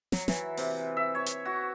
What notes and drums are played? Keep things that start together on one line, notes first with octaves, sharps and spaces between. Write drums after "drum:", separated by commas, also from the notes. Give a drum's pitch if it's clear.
F#3, drum: snare
E3, drum: snare
C3, drum: open hi-hat
E5
C#5
drum: hi-hat
F#4